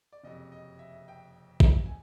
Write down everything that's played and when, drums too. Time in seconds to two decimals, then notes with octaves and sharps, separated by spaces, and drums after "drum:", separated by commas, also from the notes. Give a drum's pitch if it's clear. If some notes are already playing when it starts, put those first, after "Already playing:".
0.12 D5
0.24 F#1 F2 C3 D#5
0.52 D#5
0.79 E5
1.08 G5
1.60 drum: kick
1.86 G#5